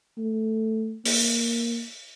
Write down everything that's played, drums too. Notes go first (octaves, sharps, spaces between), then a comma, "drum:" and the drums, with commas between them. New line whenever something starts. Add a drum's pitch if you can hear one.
A3
A#3, drum: open hi-hat